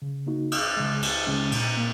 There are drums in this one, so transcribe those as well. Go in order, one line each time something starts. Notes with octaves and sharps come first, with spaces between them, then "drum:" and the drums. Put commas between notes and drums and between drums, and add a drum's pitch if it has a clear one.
C#3
A#3 D#4 F#4
C#2, drum: cymbal
C#3 G#3
C#2, drum: cymbal
C#3 G#3 C#4
A#2, drum: cymbal
A#3